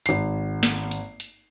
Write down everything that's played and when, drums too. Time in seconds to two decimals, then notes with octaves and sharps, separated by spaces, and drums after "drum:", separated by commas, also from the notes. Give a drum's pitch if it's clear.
0.06 G#1 C7, drum: hi-hat
0.63 drum: snare
0.91 drum: hi-hat
1.20 drum: hi-hat